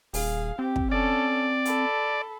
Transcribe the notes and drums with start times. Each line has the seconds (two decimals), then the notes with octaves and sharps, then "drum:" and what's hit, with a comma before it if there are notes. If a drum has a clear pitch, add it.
0.14 D#1 G#4 F5, drum: open hi-hat
0.59 C4 G4
0.76 drum: kick
0.91 C#4 A4 D5
1.65 A4 B5, drum: hi-hat